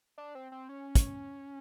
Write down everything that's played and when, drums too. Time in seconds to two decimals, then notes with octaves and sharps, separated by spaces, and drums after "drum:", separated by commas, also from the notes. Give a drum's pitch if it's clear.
0.18 D4
0.35 C4
0.52 C4
0.69 C#4
0.95 drum: kick, hi-hat